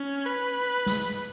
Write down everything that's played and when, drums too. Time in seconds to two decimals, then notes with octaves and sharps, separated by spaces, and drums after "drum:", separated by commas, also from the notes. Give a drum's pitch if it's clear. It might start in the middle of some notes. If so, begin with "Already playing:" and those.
Already playing: C#4
0.26 B4
0.86 drum: snare